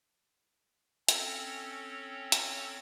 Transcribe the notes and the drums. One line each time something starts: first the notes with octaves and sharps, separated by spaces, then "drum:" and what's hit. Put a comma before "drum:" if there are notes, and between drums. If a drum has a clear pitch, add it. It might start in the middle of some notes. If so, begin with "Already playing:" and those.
C4 C#4 A4 C#5, drum: hi-hat
drum: hi-hat